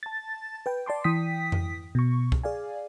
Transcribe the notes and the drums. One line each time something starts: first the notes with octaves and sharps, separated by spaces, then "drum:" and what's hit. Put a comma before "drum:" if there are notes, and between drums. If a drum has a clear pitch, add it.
A5 A6
B4 G5
D5 A5 C6 D6
E3 G5 D#6 B6
drum: tom F2
B2 C#6
drum: kick C2
G#4 D5 F5 G#5